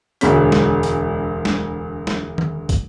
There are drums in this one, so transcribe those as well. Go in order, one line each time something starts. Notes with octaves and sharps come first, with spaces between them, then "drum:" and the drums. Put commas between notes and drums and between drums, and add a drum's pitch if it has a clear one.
E1 D2 G#3 C#4 B6, drum: hi-hat
drum: snare
drum: hi-hat
drum: snare
drum: snare
drum: tom D#3
drum: kick, hi-hat